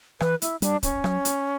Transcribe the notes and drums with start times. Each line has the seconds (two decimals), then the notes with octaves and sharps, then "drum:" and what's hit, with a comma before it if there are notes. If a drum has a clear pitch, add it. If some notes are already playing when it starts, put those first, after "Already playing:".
0.20 E3 B4, drum: rim click
0.42 E4, drum: hi-hat
0.62 G3 D4, drum: hi-hat
0.83 C#4, drum: kick, hi-hat
1.04 F#3, drum: rim click
1.25 drum: hi-hat